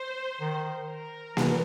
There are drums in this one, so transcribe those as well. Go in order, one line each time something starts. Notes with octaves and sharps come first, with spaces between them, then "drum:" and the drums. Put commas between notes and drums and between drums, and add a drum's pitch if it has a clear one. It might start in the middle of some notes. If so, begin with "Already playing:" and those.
Already playing: C5
D#3
A#4
E3, drum: snare A#3